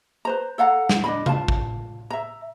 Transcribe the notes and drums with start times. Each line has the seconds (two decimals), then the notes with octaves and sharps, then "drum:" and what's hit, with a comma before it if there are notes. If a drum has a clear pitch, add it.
0.25 B4 C5 A#5
0.58 A4 F5 F#5 A#5
0.89 drum: snare
1.04 D4 D#5 B5
1.26 F4 F5 A5, drum: tom C3
1.48 drum: kick
2.10 E5 A#5